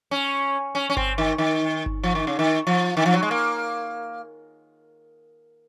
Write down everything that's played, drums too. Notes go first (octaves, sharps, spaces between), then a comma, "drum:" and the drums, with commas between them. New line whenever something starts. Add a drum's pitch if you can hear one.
C#4
C#4
C#4
C4, drum: kick G1
D#3
D#3
drum: kick G1
F3
D#3
C#3
D#3
F3
D#3
F3
F#3
G#3
A#3